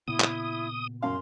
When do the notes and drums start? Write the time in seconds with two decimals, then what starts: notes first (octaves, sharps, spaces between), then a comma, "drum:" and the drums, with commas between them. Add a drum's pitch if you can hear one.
0.08 A#2 C#3 B3 E4 D#6
0.20 drum: clap
1.02 F#2 F5 C6